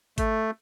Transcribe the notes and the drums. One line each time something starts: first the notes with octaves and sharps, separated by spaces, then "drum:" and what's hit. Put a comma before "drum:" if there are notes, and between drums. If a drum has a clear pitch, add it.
A3, drum: kick, hi-hat